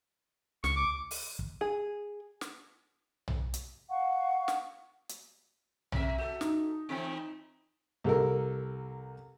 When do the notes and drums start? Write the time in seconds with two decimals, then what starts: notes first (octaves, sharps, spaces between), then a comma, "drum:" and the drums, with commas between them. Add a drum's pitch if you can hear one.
0.64 C#2 C#6, drum: snare
0.76 D6
1.11 drum: open hi-hat
1.39 drum: kick
1.61 G#4
2.41 drum: snare
3.28 drum: tom B1
3.54 drum: hi-hat
3.90 F5 F#5 C#6
4.48 drum: snare
5.09 drum: hi-hat
5.92 C3 E5, drum: tom B1
6.18 F#4 A4
6.41 D#4, drum: snare
6.89 E3 A3 C4
8.04 C2 A4 A#4